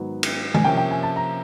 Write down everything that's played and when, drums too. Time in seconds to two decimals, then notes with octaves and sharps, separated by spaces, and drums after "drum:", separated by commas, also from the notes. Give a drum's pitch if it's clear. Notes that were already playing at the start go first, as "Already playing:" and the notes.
Already playing: G#2 D#3 F#3 B3
0.23 drum: cymbal
0.54 G#5, drum: tom D#3
0.64 C3 F3 A#3 C#4 G5
0.77 G5
0.91 G#5
1.03 A5
1.16 A#5